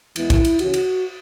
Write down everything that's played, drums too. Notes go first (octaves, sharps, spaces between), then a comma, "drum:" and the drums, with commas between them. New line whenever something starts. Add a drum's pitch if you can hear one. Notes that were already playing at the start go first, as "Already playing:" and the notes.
E2 E3 G#3 B3 E4, drum: cymbal
drum: kick, cymbal
drum: cymbal
C#3 E3 C#4 F#4, drum: cymbal
drum: cymbal